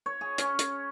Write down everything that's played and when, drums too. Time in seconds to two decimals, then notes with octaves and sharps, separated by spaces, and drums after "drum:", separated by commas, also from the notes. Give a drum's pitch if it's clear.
0.06 C#5
0.21 G#4
0.38 C#4, drum: hi-hat
0.59 drum: hi-hat